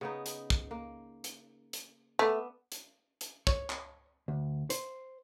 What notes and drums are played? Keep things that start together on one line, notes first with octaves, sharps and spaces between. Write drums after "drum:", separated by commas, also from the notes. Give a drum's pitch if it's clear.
C#3 B3 D#4
drum: hi-hat
drum: kick
A#3
drum: hi-hat
drum: hi-hat
A3 B3 D4
drum: hi-hat
drum: hi-hat
C#5, drum: kick
drum: clap
D2
C5, drum: hi-hat